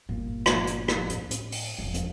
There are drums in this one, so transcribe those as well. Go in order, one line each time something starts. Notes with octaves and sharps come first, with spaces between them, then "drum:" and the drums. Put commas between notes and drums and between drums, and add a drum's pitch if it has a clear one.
G1 A#2
drum: rim click
drum: hi-hat
drum: rim click
A2, drum: hi-hat
drum: hi-hat
drum: open hi-hat
E1 F3
drum: hi-hat